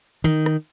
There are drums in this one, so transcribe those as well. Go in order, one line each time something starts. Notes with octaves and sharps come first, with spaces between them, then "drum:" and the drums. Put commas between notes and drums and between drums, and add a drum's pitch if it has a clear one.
D#3, drum: tom D#3
drum: rim click